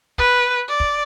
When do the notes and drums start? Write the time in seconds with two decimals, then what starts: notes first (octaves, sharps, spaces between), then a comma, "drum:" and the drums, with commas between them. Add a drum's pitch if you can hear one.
0.18 B4, drum: kick
0.68 D5
0.80 drum: kick